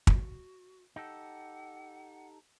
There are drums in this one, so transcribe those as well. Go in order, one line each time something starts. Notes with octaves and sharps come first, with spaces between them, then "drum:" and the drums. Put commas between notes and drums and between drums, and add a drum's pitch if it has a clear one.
F#4, drum: kick
D#4 G4 A4 F#5